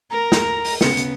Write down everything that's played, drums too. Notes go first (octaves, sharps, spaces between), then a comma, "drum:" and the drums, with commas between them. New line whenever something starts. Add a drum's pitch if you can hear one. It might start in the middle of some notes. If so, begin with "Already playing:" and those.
A#4 A#5
drum: snare
drum: open hi-hat
C#3 B3 C#7, drum: snare
drum: hi-hat